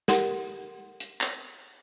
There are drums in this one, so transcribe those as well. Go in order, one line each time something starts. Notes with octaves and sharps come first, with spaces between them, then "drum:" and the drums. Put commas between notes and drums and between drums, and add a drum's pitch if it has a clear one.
G4 A#4 F#5 C6, drum: snare
drum: hi-hat
drum: clap